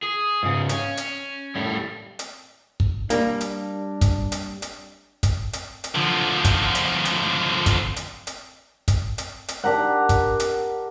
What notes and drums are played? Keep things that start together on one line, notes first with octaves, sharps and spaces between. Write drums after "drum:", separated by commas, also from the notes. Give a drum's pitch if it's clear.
G#4
G#2 C#3
C#4, drum: hi-hat
drum: hi-hat
A2 G3
drum: hi-hat
drum: kick
G3 A#3 D4, drum: hi-hat
drum: hi-hat
drum: kick, hi-hat
drum: hi-hat
drum: hi-hat
drum: kick, hi-hat
drum: hi-hat
drum: hi-hat
D3 F3
drum: kick, hi-hat
drum: hi-hat
drum: hi-hat
drum: kick, hi-hat
drum: hi-hat
drum: hi-hat
drum: kick, hi-hat
drum: hi-hat
drum: hi-hat
D4 G4 A#4 F#5
drum: kick, hi-hat
drum: hi-hat